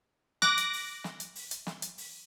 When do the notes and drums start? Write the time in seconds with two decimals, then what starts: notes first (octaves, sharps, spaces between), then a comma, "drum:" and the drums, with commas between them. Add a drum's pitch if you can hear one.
0.42 D6 F#6 A#6, drum: snare
0.58 drum: hi-hat
0.73 drum: open hi-hat
1.04 drum: snare
1.20 drum: hi-hat
1.35 drum: open hi-hat
1.51 drum: hi-hat
1.67 drum: snare
1.82 drum: hi-hat
1.98 drum: open hi-hat